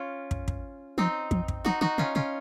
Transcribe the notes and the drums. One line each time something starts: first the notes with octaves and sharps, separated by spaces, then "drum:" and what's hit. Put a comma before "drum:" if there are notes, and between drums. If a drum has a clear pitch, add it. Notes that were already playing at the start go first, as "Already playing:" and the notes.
Already playing: C#4 F4
drum: kick
drum: kick
F3 C4 D#4
F3, drum: kick
drum: kick
F3 D#4 F#4
D#3 D#4 F#4
C#3 C#4 F4
C3 C#4 F4